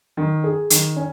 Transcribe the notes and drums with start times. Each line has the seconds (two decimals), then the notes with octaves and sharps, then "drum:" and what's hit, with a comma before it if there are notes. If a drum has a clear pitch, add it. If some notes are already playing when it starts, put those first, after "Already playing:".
0.17 D#3
0.44 G#4
0.70 D#3, drum: hi-hat
0.96 C#4